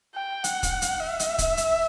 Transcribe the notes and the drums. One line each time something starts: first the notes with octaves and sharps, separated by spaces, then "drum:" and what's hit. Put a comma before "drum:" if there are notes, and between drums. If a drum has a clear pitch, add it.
G5
F#5, drum: hi-hat
drum: kick, hi-hat
drum: hi-hat
E5
drum: hi-hat
drum: kick, hi-hat
drum: hi-hat